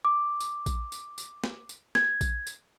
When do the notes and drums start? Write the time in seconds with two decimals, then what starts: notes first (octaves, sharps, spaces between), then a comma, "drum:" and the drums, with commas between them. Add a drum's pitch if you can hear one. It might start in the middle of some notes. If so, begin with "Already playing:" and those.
0.05 D6
0.40 drum: tambourine
0.66 drum: kick A#1, tambourine
0.92 drum: tambourine
1.18 drum: tambourine
1.44 drum: snare
1.69 drum: tambourine
1.95 G#6, drum: snare
2.21 drum: kick A#1, tambourine
2.47 drum: tambourine